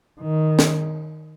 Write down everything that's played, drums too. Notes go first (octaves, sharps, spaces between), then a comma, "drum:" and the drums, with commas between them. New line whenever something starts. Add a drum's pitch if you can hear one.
D#3
drum: snare